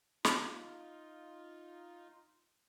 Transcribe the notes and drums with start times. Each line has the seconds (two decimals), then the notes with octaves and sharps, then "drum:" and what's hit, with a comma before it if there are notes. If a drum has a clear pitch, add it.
0.25 D#4 F4, drum: snare